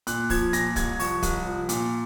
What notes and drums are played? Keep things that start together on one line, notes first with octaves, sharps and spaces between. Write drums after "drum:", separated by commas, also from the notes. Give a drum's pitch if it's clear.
A#2 F#6, drum: hi-hat
F3 G#6, drum: kick, open hi-hat
A#2 A#6, drum: hi-hat
C2 G#6, drum: kick, hi-hat
F3 C#6, drum: open hi-hat
C2, drum: kick, hi-hat
F3
A#2, drum: hi-hat